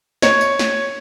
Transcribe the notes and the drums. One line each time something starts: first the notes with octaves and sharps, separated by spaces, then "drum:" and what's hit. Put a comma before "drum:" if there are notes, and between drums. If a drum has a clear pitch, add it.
C#5, drum: snare
drum: tambourine
drum: snare